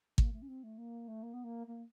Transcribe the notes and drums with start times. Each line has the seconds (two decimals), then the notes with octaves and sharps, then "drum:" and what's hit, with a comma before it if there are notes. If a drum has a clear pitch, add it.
0.18 A#3, drum: kick
0.32 A3
0.42 C#4
0.48 C4
0.63 A3
0.77 A#3
1.08 A3
1.22 A#3
1.33 B3
1.44 A#3
1.67 A#3